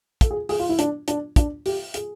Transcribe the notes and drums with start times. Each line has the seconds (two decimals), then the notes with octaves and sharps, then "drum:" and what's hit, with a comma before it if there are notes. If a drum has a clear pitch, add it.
0.21 A4, drum: kick, hi-hat
0.31 G#4
0.49 G#4, drum: open hi-hat
0.59 F4
0.69 E4
0.79 D4, drum: hi-hat
1.08 D4, drum: hi-hat
1.36 D4, drum: kick, hi-hat
1.66 G4, drum: open hi-hat
1.94 G#4, drum: hi-hat